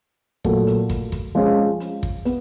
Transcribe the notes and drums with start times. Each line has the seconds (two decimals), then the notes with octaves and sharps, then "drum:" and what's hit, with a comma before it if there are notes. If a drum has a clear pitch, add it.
0.45 A#2 F#3 A3, drum: kick
0.67 drum: hi-hat
0.90 drum: kick, hi-hat
1.12 drum: kick, hi-hat
1.35 F3 G#3 C#4 F4
1.80 drum: hi-hat
2.03 drum: kick
2.25 B3, drum: hi-hat